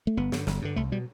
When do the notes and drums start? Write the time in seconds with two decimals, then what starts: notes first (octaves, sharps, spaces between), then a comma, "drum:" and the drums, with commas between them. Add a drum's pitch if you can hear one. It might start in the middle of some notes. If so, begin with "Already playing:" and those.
0.07 A3
0.17 G1 B3
0.32 G2 D3, drum: snare
0.47 G1, drum: snare
0.62 G2 D3
0.76 C2 A3
0.92 B2 G3